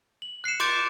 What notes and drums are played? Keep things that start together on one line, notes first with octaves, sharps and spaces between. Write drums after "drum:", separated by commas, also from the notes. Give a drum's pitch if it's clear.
F#7
F#6 C7 C#7 E7
C6 D6 G6 A6 D7, drum: cymbal